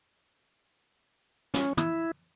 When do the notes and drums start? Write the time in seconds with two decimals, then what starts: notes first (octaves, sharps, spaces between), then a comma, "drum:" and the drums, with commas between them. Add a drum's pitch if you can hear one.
1.54 C#4, drum: snare
1.77 E4, drum: tom